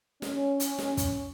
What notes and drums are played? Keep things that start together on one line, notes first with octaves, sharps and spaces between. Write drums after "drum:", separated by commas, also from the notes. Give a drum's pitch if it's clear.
C#4, drum: snare
drum: hi-hat
drum: snare
drum: kick, hi-hat